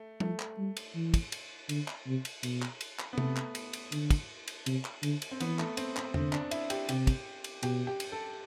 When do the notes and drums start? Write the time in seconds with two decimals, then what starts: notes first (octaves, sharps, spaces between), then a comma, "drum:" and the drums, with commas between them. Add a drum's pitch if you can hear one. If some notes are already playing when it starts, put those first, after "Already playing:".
Already playing: A3
0.20 F3 A3, drum: tom
0.40 drum: clap
0.58 G3
0.77 drum: cymbal
0.95 E3
1.14 drum: kick, cymbal
1.32 drum: cymbal
1.69 D3, drum: cymbal
1.88 drum: clap
2.07 C3
2.25 drum: cymbal
2.43 B2, drum: cymbal
2.62 drum: clap
2.81 drum: cymbal
2.99 drum: clap
3.13 B3
3.18 C3 A3, drum: tom C3
3.36 drum: clap
3.55 drum: cymbal
3.73 drum: cymbal
3.92 D3, drum: cymbal
4.10 drum: kick, cymbal
4.48 drum: cymbal
4.66 C3, drum: cymbal
4.85 drum: clap
5.03 D3, drum: cymbal
5.22 drum: cymbal
5.31 C4
5.40 E3 B3, drum: cymbal
5.59 A3, drum: clap
5.77 C4, drum: cymbal
5.96 C4, drum: clap
6.14 D3 C4, drum: tom E2
6.33 D4, drum: clap
6.51 E4, drum: cymbal
6.70 G4, drum: cymbal
6.89 C3 G4, drum: cymbal
7.07 drum: kick, cymbal
7.44 drum: cymbal
7.63 B2 G4, drum: cymbal
7.87 G4
8.00 drum: cymbal
8.12 A4